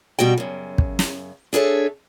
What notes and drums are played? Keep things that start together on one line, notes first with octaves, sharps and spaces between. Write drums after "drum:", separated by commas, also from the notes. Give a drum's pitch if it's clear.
B2 G3 F#4 G5
F#2 C#3
drum: kick
drum: snare
D4 G#4 A4 C#5 E5